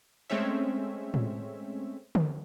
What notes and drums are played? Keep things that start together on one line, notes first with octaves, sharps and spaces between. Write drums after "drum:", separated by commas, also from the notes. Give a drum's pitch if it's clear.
G#3 A3 C4 C#4 C#5 E5
drum: tom A2
drum: tom D3